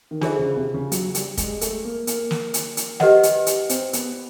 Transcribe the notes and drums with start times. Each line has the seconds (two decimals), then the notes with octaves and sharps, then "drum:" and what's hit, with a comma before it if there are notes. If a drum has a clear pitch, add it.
0.11 D#3
0.21 D3 D4 F4 G#4 C5 E5, drum: snare
0.39 C#3
0.57 C3
0.74 C#3
0.92 F#3, drum: hi-hat
1.15 G3, drum: hi-hat
1.37 G#3, drum: kick, hi-hat
1.61 A3, drum: hi-hat
1.85 A#3
2.07 A#3, drum: hi-hat
2.31 drum: snare
2.54 drum: hi-hat
2.77 drum: hi-hat
3.00 G4 B4 D#5 F#5, drum: snare
3.23 drum: hi-hat
3.46 drum: hi-hat
3.69 C4, drum: hi-hat
3.93 B3, drum: hi-hat